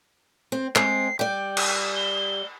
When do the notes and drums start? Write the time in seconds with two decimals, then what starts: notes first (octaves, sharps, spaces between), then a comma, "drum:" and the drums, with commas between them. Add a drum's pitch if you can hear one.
0.52 C4
0.76 G#3 C4 C7, drum: clap
1.19 G3 D5 G5
1.57 drum: cymbal
1.96 G7